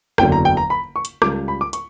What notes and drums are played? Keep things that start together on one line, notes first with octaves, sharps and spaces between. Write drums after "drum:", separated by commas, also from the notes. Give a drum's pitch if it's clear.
F#1 E2 D3 F#3 G5, drum: rim click
A#5
G5
A#5
B5
C#6
drum: hi-hat
C#2 C#3 G3 D6, drum: rim click
B5
D6
C#6, drum: hi-hat